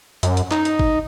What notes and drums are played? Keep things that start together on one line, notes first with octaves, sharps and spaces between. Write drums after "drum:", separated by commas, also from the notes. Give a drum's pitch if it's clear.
F#2, drum: hi-hat
drum: hi-hat
D#4, drum: clap
drum: hi-hat
drum: kick